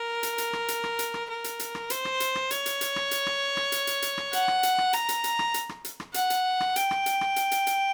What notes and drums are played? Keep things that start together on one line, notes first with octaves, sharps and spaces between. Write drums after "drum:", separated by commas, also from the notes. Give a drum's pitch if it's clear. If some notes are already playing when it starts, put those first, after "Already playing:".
Already playing: A#4
drum: hi-hat
drum: hi-hat
drum: rim click
drum: hi-hat
drum: rim click
drum: hi-hat
drum: rim click
A#4
drum: hi-hat
drum: hi-hat
drum: rim click
C5, drum: hi-hat
drum: rim click
drum: hi-hat
drum: rim click
C#5, drum: hi-hat
drum: hi-hat
drum: hi-hat
drum: rim click
drum: hi-hat
drum: rim click
drum: rim click
drum: hi-hat
drum: hi-hat
drum: hi-hat
drum: rim click
F#5, drum: hi-hat
drum: rim click
drum: hi-hat
drum: rim click
A#5, drum: hi-hat
drum: hi-hat
drum: hi-hat
drum: rim click
drum: hi-hat
drum: rim click
drum: hi-hat
drum: rim click
F#5, drum: hi-hat
drum: hi-hat
drum: rim click
G5, drum: hi-hat
drum: rim click
drum: hi-hat
drum: rim click
drum: hi-hat
drum: hi-hat
drum: hi-hat